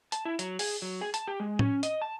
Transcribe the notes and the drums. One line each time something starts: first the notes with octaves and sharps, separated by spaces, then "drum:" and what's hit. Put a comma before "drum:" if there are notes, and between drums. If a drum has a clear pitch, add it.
A5, drum: hi-hat
E4
F#3, drum: hi-hat
G#4, drum: open hi-hat
F#3
G#4
A5, drum: hi-hat
G4
G#3
C#4, drum: tom A2
D#5, drum: hi-hat
A5